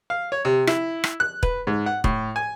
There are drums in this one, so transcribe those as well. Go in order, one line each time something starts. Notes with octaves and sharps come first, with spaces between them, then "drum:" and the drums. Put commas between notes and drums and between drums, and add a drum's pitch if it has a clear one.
F5
C#5
C3
E4, drum: rim click
drum: rim click
F#6
B4, drum: kick
G#2
F#5
A2, drum: kick
G#5